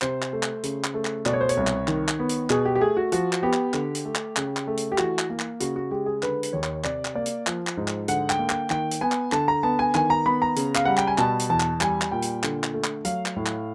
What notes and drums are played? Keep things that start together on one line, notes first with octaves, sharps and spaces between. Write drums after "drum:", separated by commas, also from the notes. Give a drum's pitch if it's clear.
C3 C5, drum: clap
drum: clap
A3
drum: clap
C#3, drum: hi-hat
drum: clap
A3
drum: clap
B2 D5, drum: clap
C#5
C5
C#5, drum: hi-hat
C2
drum: clap
D#3, drum: clap
drum: clap
B3
drum: hi-hat
B2 G#4, drum: clap
G4
G4
A3 G#4
F#4
F3 F#4, drum: hi-hat
drum: clap
B3 G4
drum: clap
D3, drum: clap
drum: hi-hat
A3
drum: clap
C#3, drum: clap
drum: clap
A3
drum: hi-hat
G4
E3 F#4, drum: clap
drum: clap
A#3
drum: clap
C#3 F#4, drum: hi-hat
F#4
G#3 G4
G#4
D3 B4, drum: clap
drum: hi-hat
D#2 C#5
drum: clap
C3 D5, drum: clap
drum: clap
A#3 D5
drum: hi-hat
F3, drum: clap
drum: clap
G#2
drum: clap
D3 F#5, drum: hi-hat
G5, drum: clap
A#3
G5, drum: clap
D#3 G5, drum: clap
drum: hi-hat
B3 G#5
drum: clap
D3 A5, drum: clap
A#5
B3 A5
G#5
D#3 G#5, drum: clap
A#5
B3 B5
A#5
C#3, drum: hi-hat
F5, drum: clap
G3 F#5
G5, drum: clap
G#5
B2 A5, drum: clap
drum: hi-hat
E2 A5
drum: clap
G3 G#5, drum: clap
drum: clap
A#2 G5
drum: hi-hat
D3, drum: clap
drum: clap
A3
drum: clap
F#3 F5, drum: hi-hat
drum: clap
A2
drum: clap